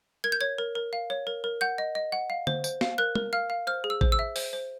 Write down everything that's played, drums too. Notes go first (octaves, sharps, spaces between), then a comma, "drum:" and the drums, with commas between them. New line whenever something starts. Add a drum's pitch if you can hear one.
A#4 G#6
G6
C#5 G#6
A#4
A#4
F5
C#5
A#4
A#4
F#5 G6
D#5
D#5
F#5
F5
C5, drum: tom D3
C5, drum: tambourine
F5, drum: snare
A#4 F#6
A#4, drum: tom
F5 F6
F5
C5 F6
G#4
E6
C5, drum: kick
E6
E5
C5, drum: open hi-hat
C5